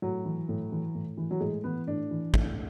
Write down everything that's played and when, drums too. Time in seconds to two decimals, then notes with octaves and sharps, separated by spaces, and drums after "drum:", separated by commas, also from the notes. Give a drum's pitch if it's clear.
0.02 A2 F#3
0.25 E3
0.49 A2
0.72 E3
0.95 A2
1.17 E3
1.31 F#3
1.40 A2 G#3
1.64 E3 B3
1.87 A2 D4
2.11 E3
2.34 A2, drum: kick